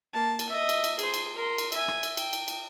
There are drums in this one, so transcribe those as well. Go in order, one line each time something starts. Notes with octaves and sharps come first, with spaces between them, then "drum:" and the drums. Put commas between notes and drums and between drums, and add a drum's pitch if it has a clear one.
A#3 A5
drum: cymbal
D#5 E5
drum: cymbal
drum: cymbal
G#4 C5, drum: cymbal
drum: cymbal
A#4 C6
drum: cymbal
E5 G#5, drum: cymbal
drum: rim click
drum: cymbal
G5, drum: cymbal
drum: cymbal
drum: cymbal